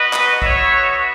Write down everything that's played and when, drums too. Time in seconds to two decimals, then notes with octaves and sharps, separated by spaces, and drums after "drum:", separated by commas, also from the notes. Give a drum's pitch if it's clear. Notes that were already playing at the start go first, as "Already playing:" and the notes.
Already playing: B3 F#4 B4 D#5
0.13 drum: clap
0.42 C#5 E5, drum: kick B1